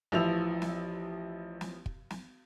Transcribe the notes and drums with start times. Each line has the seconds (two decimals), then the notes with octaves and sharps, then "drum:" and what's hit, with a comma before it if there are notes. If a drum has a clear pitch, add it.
0.12 A1 E3 F3 E4 E6 F7
0.62 drum: snare
1.61 drum: snare
1.86 drum: kick
2.10 drum: snare